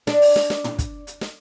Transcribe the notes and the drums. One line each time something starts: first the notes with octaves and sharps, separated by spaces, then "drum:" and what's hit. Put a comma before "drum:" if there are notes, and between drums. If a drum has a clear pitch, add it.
D4, drum: snare
drum: open hi-hat
drum: snare
drum: snare
drum: tom
drum: kick, hi-hat
drum: hi-hat
drum: snare